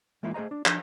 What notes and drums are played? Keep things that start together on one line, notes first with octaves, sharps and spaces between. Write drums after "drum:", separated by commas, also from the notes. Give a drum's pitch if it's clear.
E3 G#3 A#3 E4 F4
A3 G#4 C5 D#5 A#5
D4
F3 D4, drum: clap